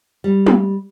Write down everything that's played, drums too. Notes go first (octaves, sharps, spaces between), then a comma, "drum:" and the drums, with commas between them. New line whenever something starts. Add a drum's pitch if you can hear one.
G3
drum: tom